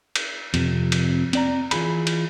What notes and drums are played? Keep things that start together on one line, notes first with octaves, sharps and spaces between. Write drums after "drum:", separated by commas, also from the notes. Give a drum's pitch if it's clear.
drum: cymbal
F2 C3, drum: cymbal
drum: cymbal
C4 D5 A#5, drum: cymbal
E3 F4 G#4 B5, drum: cymbal
drum: cymbal